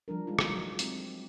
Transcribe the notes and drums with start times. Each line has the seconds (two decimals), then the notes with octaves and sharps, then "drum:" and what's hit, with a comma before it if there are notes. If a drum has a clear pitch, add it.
0.08 F3 G3 D4 A#4
0.27 G#3 D#4 F4
0.39 drum: rim click
0.50 F#3
0.79 G#3 C4, drum: hi-hat